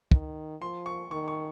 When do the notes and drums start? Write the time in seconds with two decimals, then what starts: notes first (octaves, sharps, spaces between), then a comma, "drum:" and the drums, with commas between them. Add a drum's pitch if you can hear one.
0.11 D#3, drum: kick
0.61 F3 C6
0.86 C#6
1.11 D#3 C#6
1.28 C#6